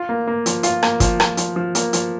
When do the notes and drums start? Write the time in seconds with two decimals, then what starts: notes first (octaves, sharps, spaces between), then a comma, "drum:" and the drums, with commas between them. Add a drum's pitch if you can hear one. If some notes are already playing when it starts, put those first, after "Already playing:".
Already playing: F4
0.09 A#3
0.27 A#3
0.46 F3, drum: hi-hat
0.63 F4, drum: hi-hat
0.83 A#3, drum: rim click
1.00 F3, drum: kick, hi-hat
1.20 F3, drum: rim click
1.37 F3, drum: hi-hat
1.56 F3
1.75 A#3, drum: hi-hat
1.93 F3, drum: hi-hat